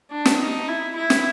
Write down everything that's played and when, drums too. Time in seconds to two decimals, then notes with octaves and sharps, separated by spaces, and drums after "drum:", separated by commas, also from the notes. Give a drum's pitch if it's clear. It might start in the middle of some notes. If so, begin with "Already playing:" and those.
0.12 D4
0.25 drum: snare
0.40 D#4
0.68 E4
0.95 E4
1.10 drum: snare